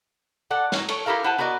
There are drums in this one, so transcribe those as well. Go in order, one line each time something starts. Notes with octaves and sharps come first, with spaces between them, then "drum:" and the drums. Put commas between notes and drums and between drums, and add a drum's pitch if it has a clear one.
A4 D5 F#5
F#3 C#4, drum: snare
A4 C#5, drum: cymbal
E4 G4 A4 A#4 F5
E4 C5 F#5 G#5 A5
B3 F#4 A#4 D5 D#5